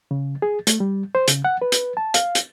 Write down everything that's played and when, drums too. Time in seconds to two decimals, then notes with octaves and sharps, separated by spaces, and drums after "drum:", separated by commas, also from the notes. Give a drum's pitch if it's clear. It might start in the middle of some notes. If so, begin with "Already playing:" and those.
0.11 C#3
0.42 G#4
0.67 A3, drum: hi-hat
0.80 G3
1.15 C5
1.28 C#3, drum: hi-hat
1.45 F#5
1.62 B4
1.72 drum: hi-hat
1.97 A5
2.14 F5, drum: hi-hat
2.35 drum: hi-hat